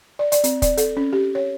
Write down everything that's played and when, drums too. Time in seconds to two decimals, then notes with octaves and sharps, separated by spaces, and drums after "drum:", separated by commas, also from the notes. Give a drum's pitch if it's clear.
0.19 D5
0.32 D5, drum: hi-hat
0.44 C4, drum: hi-hat
0.62 D5, drum: kick, hi-hat
0.77 A4, drum: hi-hat
0.97 C#4
1.13 G4
1.35 C#5